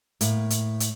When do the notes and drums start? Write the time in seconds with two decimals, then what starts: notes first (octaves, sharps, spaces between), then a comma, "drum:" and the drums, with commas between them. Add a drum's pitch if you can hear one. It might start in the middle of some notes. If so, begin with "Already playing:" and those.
0.21 A2 A#3, drum: hi-hat
0.50 drum: hi-hat
0.80 drum: hi-hat